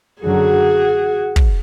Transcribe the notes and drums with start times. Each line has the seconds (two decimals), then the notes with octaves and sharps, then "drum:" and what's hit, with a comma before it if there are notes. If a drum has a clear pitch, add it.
0.23 F#2 D3 F#3 F#4 G#4
1.36 drum: kick